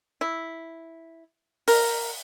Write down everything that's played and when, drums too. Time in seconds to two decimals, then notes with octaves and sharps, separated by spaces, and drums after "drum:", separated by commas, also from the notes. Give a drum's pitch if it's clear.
0.21 E4
1.68 A#4, drum: open hi-hat